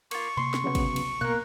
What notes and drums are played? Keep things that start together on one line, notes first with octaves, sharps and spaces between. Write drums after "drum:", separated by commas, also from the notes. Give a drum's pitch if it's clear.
A#3 F4 C#6, drum: cymbal
C3 A#3 C6
drum: snare
C#3 F#3 B3
drum: kick, cymbal
drum: cymbal
B2 A#3 B3 A#4 F#6